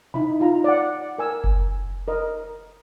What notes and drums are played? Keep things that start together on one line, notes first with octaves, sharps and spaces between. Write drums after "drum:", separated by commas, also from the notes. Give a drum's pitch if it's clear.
D#4 E4 B5, drum: tom B2
D#4 F4 A#5
D5 F#5
A#4 G#5 E6
drum: kick F#1
A#4 D#5